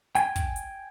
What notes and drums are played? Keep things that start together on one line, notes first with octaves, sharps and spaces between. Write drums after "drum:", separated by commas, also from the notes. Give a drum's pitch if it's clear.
G5 G#5, drum: hi-hat
drum: kick, hi-hat
drum: hi-hat